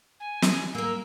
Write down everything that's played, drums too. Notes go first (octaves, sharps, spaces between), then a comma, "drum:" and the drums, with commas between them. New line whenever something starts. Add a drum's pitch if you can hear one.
G#5
drum: snare
A#3 A#4 E6